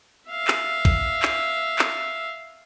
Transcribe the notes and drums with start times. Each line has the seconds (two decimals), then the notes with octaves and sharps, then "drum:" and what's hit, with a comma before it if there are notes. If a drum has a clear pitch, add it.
0.29 E5 F5
0.48 drum: clap
0.85 drum: kick
1.23 drum: clap
1.79 drum: clap